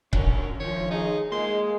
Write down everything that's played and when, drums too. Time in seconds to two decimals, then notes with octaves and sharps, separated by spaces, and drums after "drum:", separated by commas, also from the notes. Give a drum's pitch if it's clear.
0.13 C#4 D4 F#4 A#4, drum: kick C#1
0.60 D#3 F3 C#5
0.91 D#4 G#4
1.32 G#3 A#3 C6